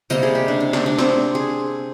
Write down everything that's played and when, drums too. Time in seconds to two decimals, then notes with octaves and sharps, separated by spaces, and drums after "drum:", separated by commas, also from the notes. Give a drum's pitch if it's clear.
0.10 C3 G3 A#3 D#5, drum: tambourine
0.23 G#4
0.35 G4
0.48 D4
0.60 D4
0.73 D4, drum: snare
0.86 D4
0.98 C4, drum: snare
1.35 G#4